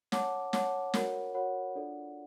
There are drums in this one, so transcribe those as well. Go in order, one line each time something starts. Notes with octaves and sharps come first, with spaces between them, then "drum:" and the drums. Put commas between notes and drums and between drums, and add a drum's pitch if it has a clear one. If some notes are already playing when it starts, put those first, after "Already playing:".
C#5 F#5 A5 D6, drum: snare
C#5 F#5 A5 D6, drum: snare
F#4 A#4 C#5 F#5 B5, drum: snare
F#4 A#4 C#5 F#5 B5
D4 F4 A4 D5 F#5